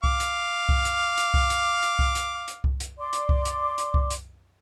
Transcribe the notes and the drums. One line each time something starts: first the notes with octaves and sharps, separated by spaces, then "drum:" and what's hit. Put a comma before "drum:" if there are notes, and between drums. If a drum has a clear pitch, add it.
F5 D6, drum: kick C2
drum: hi-hat
drum: kick C2
drum: hi-hat
drum: hi-hat
drum: kick C2
drum: hi-hat
drum: hi-hat
drum: kick C2
drum: hi-hat
drum: hi-hat
drum: kick C2
drum: hi-hat
D5 C6 D6
drum: hi-hat
drum: kick C2
drum: hi-hat
drum: hi-hat
drum: kick C2
drum: hi-hat